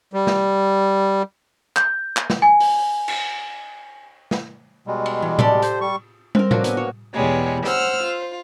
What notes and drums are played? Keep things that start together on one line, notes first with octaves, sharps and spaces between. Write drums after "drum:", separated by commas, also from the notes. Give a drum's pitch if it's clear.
G3
drum: snare
G6, drum: clap
drum: clap
drum: snare
G#5
drum: open hi-hat
drum: cymbal
drum: snare
B2 G3 G#3
drum: cymbal
E3
G4 A4 D5, drum: tom A2
C5, drum: hi-hat
G3 C#6
C4 A#4, drum: tom
F#3 A#3 D4 F#4, drum: tom A2
A#3 B3 G#5, drum: hi-hat
F#4 C#5
E2 B2 G3 G#3 C#5
C5 F#5 E6 F6, drum: hi-hat
F4